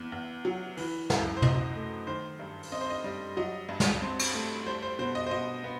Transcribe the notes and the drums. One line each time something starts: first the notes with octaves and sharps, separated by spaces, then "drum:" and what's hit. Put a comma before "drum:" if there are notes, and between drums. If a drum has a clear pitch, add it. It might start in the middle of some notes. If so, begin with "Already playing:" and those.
Already playing: E2
E2
F#3
E3, drum: open hi-hat
F#2, drum: snare
C5
F#2 D#5, drum: tom
A3
D#3 C5
G2
drum: open hi-hat
C4 D#5
C5
D#5
G3
F#3 D#5
G2
drum: snare
C4
drum: cymbal
A3
G3 C5
C5
B2 C5
D#5
C5
B2 D#5
B3